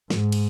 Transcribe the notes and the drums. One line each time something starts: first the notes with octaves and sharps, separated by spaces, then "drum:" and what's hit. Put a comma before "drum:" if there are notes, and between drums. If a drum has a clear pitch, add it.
G#2, drum: snare
drum: cymbal